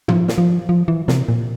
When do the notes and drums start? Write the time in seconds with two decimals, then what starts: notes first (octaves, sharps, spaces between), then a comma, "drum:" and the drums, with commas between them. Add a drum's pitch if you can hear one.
0.08 F3, drum: tom
0.28 drum: snare
0.38 F3
0.69 F3
0.88 E3
1.08 C3, drum: snare
1.29 A#2